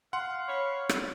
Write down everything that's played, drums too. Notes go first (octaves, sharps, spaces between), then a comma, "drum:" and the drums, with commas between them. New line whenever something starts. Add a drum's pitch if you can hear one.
F5 F#5 C6
C#5 B5
drum: rim click